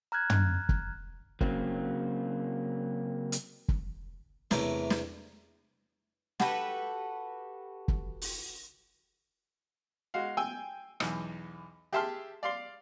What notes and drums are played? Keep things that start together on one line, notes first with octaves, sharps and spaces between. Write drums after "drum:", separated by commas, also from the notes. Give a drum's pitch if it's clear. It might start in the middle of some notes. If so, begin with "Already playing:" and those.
A#5 F6 F#6 G#6
drum: tom
drum: kick
C#3 F#3 A#3 C4, drum: kick
drum: hi-hat
drum: kick
E2 C3 E3 A3 A#4 C#5, drum: snare
drum: snare
F#4 G4 A4 B4, drum: snare
drum: kick
drum: open hi-hat
G#3 F#4 F5
G5 G#5 E6
B1 E2, drum: rim click
G4 G#4 E5 A5 C6 F6
D5 F5 C6